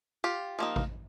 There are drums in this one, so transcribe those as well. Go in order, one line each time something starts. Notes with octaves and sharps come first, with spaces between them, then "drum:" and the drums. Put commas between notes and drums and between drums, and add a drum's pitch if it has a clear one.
F4 G4
F3 A#3 D#4
drum: kick A1